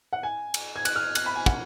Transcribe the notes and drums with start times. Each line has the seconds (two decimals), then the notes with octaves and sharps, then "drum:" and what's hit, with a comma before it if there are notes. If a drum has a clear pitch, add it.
0.13 F#5
0.23 G#5
0.54 drum: cymbal
0.76 G#6
0.85 F#6, drum: cymbal
0.96 F6
1.15 F#6, drum: cymbal
1.26 B5
1.36 G#5
1.46 F#5, drum: kick